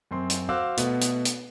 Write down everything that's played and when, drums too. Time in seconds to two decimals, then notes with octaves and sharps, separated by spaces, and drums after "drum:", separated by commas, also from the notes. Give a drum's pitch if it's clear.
0.11 F#2 C4 C6
0.30 drum: hi-hat
0.49 F#4 C5 F5 D6 E6 F#6
0.77 B2 A3 B3, drum: hi-hat
1.01 drum: hi-hat
1.25 drum: hi-hat